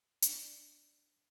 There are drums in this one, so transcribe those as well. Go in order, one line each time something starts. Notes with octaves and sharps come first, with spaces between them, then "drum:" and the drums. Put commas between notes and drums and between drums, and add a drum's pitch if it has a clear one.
D4, drum: hi-hat